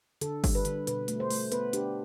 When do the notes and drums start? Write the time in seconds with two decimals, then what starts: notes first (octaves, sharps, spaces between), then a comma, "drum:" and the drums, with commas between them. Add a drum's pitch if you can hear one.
0.21 D3 A4, drum: hi-hat
0.44 G3, drum: kick G1, open hi-hat
0.55 B4
0.65 D3, drum: hi-hat
0.87 B2 B4, drum: hi-hat
1.08 A3, drum: hi-hat
1.20 C5
1.31 A3, drum: open hi-hat
1.52 B3 B4, drum: hi-hat
1.73 D4 G4, drum: hi-hat